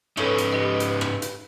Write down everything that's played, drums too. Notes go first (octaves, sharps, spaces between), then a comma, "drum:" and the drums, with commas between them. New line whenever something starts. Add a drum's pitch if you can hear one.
G#2 C#4 D#4 A4 B4 C#5 C#6, drum: rim click
drum: hi-hat
G4 D#5
drum: hi-hat
drum: rim click
drum: hi-hat